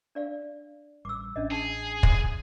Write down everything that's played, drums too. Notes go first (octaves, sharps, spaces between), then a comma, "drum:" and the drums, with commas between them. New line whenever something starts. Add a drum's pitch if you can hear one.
D4 D5 F5
A1 G3 C#4 D6 E6
A1 C#4 D4 D#5
G#4 A5
drum: kick